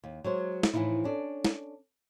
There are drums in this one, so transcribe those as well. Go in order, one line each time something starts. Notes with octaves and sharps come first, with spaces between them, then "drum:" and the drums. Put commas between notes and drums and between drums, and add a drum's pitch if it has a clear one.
D#2
F#3 G#3 C5
drum: snare
A2 E3 F3 D#4 E4
C#4 D4 A4
drum: snare